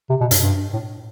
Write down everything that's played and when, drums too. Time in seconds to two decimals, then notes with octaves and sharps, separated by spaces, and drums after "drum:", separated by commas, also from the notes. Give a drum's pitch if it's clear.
0.10 C3
0.20 B2
0.31 G2, drum: hi-hat
0.42 G2
0.73 A2